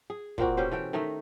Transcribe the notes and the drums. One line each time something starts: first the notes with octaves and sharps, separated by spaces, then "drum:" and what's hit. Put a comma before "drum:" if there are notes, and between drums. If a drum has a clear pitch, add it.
G#4
A#2 A#3 C4 F#4, drum: kick
B2 C#4 G4 C5
E3 A4 G5
D#3 A3 D#4 E5